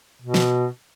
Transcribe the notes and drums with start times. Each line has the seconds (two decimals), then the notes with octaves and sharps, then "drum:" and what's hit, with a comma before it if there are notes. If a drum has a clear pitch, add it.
0.22 B2
0.34 drum: snare